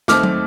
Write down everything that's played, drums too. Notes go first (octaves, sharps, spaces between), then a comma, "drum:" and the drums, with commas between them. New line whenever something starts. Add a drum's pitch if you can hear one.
D#2 D#3 A3 C4 D6 F6, drum: snare
drum: tom F#3